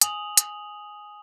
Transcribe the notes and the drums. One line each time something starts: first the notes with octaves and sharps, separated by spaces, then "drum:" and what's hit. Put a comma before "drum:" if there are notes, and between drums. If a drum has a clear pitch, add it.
G#5 D#6 F7 F#7, drum: hi-hat
drum: hi-hat